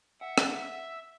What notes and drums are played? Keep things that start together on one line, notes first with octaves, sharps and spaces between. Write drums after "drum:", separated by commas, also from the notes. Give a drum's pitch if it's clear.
E5 F#5
drum: rim click
E5